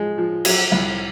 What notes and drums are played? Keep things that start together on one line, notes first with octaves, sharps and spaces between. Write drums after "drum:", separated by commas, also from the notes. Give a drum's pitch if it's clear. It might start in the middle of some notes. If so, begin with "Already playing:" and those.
Already playing: F3 G#3
F3
F#3, drum: cymbal
C2